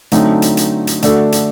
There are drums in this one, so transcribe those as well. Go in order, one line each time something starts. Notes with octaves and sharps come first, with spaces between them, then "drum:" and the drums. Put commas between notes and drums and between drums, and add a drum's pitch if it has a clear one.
D3 F#3 A3 C4 D#4, drum: hi-hat
drum: hi-hat
drum: hi-hat
drum: hi-hat
D3 A3 D4 F#4 A4, drum: hi-hat
drum: hi-hat